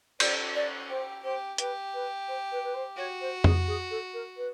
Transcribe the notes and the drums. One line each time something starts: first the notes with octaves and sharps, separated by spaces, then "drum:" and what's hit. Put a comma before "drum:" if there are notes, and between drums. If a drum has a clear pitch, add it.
C#4 D5, drum: cymbal
D5
G4 C5
G4 C5
G4 B4, drum: hi-hat
B4
C5
B4
B4
C5
F#4 C#5
C5
G#4, drum: tom F2
G#4
A4
A#4
B4